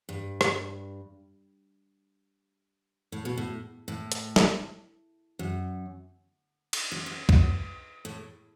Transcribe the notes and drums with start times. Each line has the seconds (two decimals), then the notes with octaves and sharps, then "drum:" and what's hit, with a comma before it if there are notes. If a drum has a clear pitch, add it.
0.09 G2
0.41 drum: rim click
3.12 A2
3.25 B2
3.38 A2
3.88 A2
4.12 drum: hi-hat
4.36 drum: snare
5.39 F#2
6.73 drum: cymbal
6.92 F#2
7.06 F#2
7.29 F#2, drum: kick C2
8.05 A2